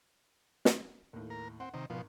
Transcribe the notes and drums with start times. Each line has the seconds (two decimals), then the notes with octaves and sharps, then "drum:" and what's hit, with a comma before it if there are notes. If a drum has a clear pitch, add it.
0.65 drum: snare
1.13 D#2 A2
1.30 A#4
1.60 C4 F#5
1.74 C3 D#3
1.90 G#1 B2 F3